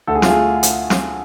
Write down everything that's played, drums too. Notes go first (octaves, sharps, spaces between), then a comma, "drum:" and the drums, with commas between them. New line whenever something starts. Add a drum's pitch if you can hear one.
D2 A4
G#4
F4, drum: snare
A3 G#4
drum: hi-hat
drum: snare